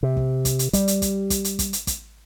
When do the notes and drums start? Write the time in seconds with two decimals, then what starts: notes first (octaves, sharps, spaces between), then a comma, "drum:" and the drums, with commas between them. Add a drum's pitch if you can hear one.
0.03 C3
0.16 drum: kick
0.45 drum: kick, hi-hat
0.59 drum: hi-hat
0.73 G3, drum: kick, hi-hat
0.88 drum: hi-hat
1.02 drum: kick, hi-hat
1.30 drum: kick, hi-hat
1.44 drum: hi-hat
1.59 drum: kick, hi-hat
1.73 drum: hi-hat
1.87 drum: kick, hi-hat